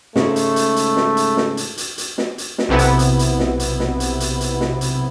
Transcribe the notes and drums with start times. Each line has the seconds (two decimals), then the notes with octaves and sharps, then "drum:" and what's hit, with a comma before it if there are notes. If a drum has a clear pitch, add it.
0.16 G#2 C#3 A3, drum: snare
0.36 drum: hi-hat
0.56 drum: hi-hat
0.76 drum: hi-hat
0.97 drum: snare
1.17 drum: hi-hat
1.37 drum: snare
1.57 drum: hi-hat
1.77 drum: hi-hat
1.98 drum: hi-hat
2.18 drum: snare
2.38 drum: hi-hat
2.58 drum: snare
2.69 B1 C3 B3 E4
2.79 drum: hi-hat
2.99 drum: hi-hat
3.19 drum: hi-hat
3.39 drum: snare
3.60 drum: hi-hat
3.80 drum: snare
4.00 drum: hi-hat
4.20 drum: hi-hat
4.40 drum: hi-hat
4.61 drum: snare
4.81 drum: hi-hat